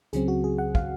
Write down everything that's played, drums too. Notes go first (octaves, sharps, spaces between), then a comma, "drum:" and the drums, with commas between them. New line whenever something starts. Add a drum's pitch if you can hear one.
C#2 C#3 F#3 C4 G#4, drum: hi-hat
F#4
G#4
F#5
F5, drum: kick